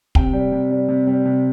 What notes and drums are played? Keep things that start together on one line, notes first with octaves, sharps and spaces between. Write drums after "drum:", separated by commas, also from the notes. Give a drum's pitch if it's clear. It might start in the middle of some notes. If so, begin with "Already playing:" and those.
C3 G5, drum: kick
G3
C3
G3
C3
G3
C3